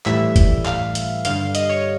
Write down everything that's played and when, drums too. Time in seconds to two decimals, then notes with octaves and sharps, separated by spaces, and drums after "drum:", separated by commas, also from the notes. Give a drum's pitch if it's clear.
0.06 A2 E3 G3 E5, drum: clap
0.36 drum: kick F#1, hi-hat
0.66 F5, drum: clap
0.95 drum: hi-hat
1.25 G2 D3 G3 F5, drum: hi-hat
1.55 D#5, drum: hi-hat
1.70 C#5